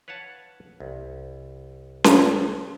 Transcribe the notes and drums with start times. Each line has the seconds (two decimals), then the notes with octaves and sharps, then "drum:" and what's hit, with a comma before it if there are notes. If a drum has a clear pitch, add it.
0.08 B4 C#5 F5 F#5 A5
0.80 C2
2.04 drum: snare C#4